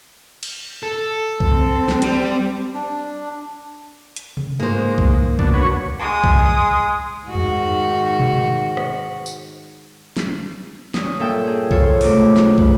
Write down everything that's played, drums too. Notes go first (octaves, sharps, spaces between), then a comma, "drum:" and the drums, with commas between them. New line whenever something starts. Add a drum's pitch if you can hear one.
drum: cymbal
A4
C4, drum: kick
drum: snare
G3, drum: hi-hat
D4
drum: hi-hat
drum: tom C3
G#2 A#3 C5
drum: kick
D2 B2 D4, drum: kick
F#4 B4 C#5
G#3 D#6
drum: kick
G#2 D#3 F#4
drum: tom E2
drum: tom B2
drum: rim click
drum: tambourine
drum: snare
G2 C#4 D#6, drum: snare
A#2 A4 E5 G5
G#4
F4 A4 C5 C#5, drum: kick
G#2 C3 A3 D#4 D6, drum: open hi-hat
drum: snare
C#3 B4, drum: kick